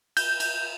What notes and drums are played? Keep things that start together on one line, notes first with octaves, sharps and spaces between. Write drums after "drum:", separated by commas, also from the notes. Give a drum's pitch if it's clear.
G6, drum: cymbal
drum: cymbal